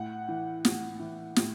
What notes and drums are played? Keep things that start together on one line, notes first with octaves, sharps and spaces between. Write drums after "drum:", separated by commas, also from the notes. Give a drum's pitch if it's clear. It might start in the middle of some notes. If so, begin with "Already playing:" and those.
Already playing: A2 F#5
E3
A2, drum: snare
E3
A2, drum: snare